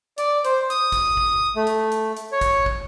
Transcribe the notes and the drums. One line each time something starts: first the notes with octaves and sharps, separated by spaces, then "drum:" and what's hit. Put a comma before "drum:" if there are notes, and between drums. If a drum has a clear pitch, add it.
D5, drum: hi-hat
C5, drum: hi-hat
D#6, drum: hi-hat
drum: kick, hi-hat
drum: kick
A3
drum: hi-hat
drum: hi-hat
drum: hi-hat
C#5
drum: kick, hi-hat
drum: kick